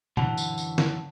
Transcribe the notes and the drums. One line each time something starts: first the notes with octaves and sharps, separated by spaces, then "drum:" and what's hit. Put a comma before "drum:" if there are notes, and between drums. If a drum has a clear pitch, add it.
F#2 D3 E3 F#5 A5, drum: tom A#2
drum: tambourine
drum: tambourine
drum: snare